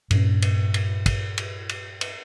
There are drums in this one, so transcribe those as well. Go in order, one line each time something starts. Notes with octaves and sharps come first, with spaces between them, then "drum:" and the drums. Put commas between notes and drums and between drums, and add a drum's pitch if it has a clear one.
G2 A#2 C#4, drum: cymbal
drum: cymbal
drum: cymbal
drum: kick, cymbal
drum: cymbal
drum: cymbal
drum: cymbal